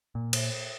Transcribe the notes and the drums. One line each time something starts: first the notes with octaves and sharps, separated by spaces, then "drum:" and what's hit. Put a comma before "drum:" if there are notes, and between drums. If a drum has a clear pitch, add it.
A#2
drum: cymbal